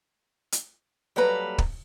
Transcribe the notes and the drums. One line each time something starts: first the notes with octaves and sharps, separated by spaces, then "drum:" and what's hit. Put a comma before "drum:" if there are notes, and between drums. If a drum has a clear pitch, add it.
drum: hi-hat
F#3 G3 A#3 A4 B4 A#5
drum: kick